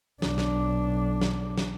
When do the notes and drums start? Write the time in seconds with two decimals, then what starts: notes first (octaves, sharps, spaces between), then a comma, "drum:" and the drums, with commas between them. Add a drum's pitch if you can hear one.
0.22 B1 D4, drum: snare
0.38 drum: snare
1.21 drum: snare
1.58 drum: snare